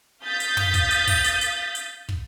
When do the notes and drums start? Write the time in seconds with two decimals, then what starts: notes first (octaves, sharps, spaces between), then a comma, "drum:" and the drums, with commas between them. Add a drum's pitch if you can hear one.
0.23 F5 D#6 G6 A6 B6
0.40 drum: hi-hat
0.57 drum: tom
0.74 drum: kick, hi-hat
0.91 drum: hi-hat
1.07 drum: kick, open hi-hat
1.24 drum: hi-hat
1.41 drum: hi-hat
1.75 drum: hi-hat
2.09 drum: kick